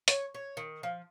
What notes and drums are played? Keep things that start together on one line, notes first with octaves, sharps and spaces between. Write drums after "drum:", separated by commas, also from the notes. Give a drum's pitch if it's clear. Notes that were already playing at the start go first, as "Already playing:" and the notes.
C#5, drum: hi-hat
C#5
D#3
F3